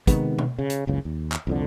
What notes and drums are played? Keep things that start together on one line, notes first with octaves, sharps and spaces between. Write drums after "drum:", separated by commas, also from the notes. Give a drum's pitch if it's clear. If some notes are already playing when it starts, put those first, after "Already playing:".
C3 D#3 G#3 B3, drum: kick, hi-hat
drum: tom B2
C#3
drum: hi-hat
F#1 C#2 C#3
D#2
drum: clap
C2 F2 D3